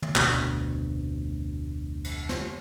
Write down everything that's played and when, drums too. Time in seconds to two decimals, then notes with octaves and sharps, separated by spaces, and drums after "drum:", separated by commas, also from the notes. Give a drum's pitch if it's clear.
0.02 drum: tom
0.16 F1 D2 B2, drum: clap
2.04 drum: cymbal
2.29 drum: snare